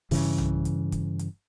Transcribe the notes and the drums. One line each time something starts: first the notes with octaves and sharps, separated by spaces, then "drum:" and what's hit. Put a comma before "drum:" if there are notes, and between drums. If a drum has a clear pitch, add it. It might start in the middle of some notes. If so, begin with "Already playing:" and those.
G2 C#3 E3, drum: kick, open hi-hat
drum: tom B1
drum: hi-hat
drum: kick, hi-hat
drum: hi-hat